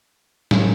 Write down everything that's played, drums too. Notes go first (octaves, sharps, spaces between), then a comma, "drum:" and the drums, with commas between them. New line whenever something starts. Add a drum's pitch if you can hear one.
A2 F#3 C#4, drum: snare